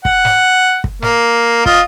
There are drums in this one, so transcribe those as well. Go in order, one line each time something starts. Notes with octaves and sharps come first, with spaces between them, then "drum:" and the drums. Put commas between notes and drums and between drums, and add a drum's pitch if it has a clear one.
F#5, drum: kick
drum: snare
drum: kick
A#3, drum: snare
F4 D#5, drum: kick